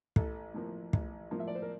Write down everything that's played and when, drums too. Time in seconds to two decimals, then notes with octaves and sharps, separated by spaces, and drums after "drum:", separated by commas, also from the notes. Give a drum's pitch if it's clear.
0.16 A1 A4, drum: kick
0.54 A2 F3 A#3
0.93 A1, drum: kick
1.31 A2 F3 A#3
1.40 E5
1.48 D5
1.55 C5
1.62 A#4